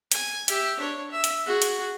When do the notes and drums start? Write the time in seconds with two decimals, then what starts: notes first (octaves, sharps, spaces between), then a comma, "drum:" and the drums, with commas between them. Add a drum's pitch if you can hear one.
0.12 G#5, drum: hi-hat
0.48 G4 E5, drum: hi-hat
0.79 D4 C#5
1.12 E5
1.24 drum: hi-hat
1.45 F#4 G#4
1.62 drum: hi-hat